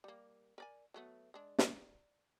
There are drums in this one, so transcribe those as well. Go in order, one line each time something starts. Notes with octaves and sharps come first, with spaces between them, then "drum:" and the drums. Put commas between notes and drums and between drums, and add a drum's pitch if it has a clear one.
G3 A#3
A#4 D5 G#5
F#3 A3 B3
G#3 D4
D5 A#5, drum: snare